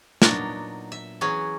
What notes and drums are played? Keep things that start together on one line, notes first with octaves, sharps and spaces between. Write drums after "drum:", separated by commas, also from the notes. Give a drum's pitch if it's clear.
A#2 F#3 B3 D4 D#4 A#5, drum: snare
E5
E3 F#3 C#4 G#4